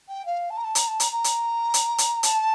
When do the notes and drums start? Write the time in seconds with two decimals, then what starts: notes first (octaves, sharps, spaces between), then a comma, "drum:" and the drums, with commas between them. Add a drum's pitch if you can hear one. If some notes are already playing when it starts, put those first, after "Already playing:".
0.09 G5
0.25 F5
0.50 A5
0.57 A#5
0.64 A5
0.75 A#5, drum: hi-hat
0.87 A5
1.00 A#5, drum: hi-hat
1.12 A#5
1.24 drum: hi-hat
1.74 drum: hi-hat
1.98 drum: hi-hat
2.23 A5, drum: hi-hat